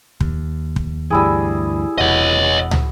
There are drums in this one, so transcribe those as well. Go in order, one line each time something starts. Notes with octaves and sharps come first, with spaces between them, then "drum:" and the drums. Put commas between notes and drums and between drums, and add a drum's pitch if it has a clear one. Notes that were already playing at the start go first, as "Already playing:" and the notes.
D#2, drum: kick
drum: kick
D2 G2 E3 G3 E4 G#4
E1 E2 F#4 C#5 D#5
drum: tom